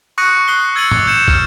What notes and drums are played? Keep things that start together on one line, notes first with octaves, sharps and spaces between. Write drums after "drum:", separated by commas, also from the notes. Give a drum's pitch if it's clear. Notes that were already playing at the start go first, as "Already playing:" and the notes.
C#6 D#6 F#6 A#6 C#7 D#7
D#6 F#6 C7 G7
E6 G#6 A6 C#7 D#7 F#7
D6, drum: tom
G6 C#7 E7
F6, drum: kick